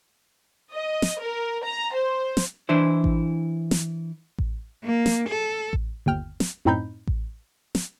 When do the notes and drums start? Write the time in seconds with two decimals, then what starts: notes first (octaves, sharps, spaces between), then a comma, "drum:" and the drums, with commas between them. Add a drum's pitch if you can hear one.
0.75 D#5
1.02 drum: snare
1.21 A#4
1.65 A#5
1.94 C5
2.37 drum: snare
2.69 E3 D4 E4 C5
3.04 drum: kick A1
3.71 drum: snare
4.38 drum: kick A1
4.84 A#3
5.06 drum: snare
5.28 A4
5.73 drum: kick A1
6.06 G1 D#2 G5 F6
6.40 drum: snare
6.65 F#2 A2 C4 D#4 B5 G6
7.07 drum: kick A1
7.75 drum: snare